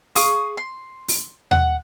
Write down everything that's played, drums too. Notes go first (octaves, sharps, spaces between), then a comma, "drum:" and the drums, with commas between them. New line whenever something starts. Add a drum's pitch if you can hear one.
G#4 F5 C#6 D#6, drum: open hi-hat
C6
drum: open hi-hat
F#5, drum: tom D#2